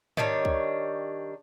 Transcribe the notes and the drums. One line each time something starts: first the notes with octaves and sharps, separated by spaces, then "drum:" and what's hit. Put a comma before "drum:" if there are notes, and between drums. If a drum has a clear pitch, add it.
D#3 G3 D4 C#5, drum: tom G#2
drum: kick